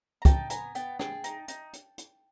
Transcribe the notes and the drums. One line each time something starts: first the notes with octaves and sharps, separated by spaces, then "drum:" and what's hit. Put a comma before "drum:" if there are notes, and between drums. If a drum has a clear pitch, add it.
A#5
D#4 G5 A5, drum: kick, hi-hat
B3 G#5 A#5, drum: hi-hat
B3 G5 A5, drum: hi-hat
G#4 G5 A5, drum: rim click
D#4, drum: hi-hat
D#4, drum: hi-hat
drum: hi-hat
drum: hi-hat